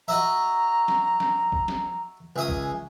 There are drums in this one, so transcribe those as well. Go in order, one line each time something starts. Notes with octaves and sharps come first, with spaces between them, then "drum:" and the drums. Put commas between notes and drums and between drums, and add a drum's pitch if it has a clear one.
F#4 D#5 E5 A#5
drum: snare
drum: snare
drum: kick
drum: snare
C#2 E5 G#5 D#6
drum: kick